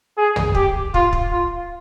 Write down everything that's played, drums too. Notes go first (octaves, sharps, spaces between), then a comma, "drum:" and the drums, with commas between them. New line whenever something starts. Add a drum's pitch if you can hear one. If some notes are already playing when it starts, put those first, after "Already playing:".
G#4
drum: tom
G4, drum: kick
F4, drum: kick
drum: kick
F4